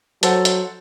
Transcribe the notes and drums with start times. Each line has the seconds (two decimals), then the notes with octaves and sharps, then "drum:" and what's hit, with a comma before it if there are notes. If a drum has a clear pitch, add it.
0.23 F#3 A4 C5 F#5, drum: hi-hat
0.45 drum: hi-hat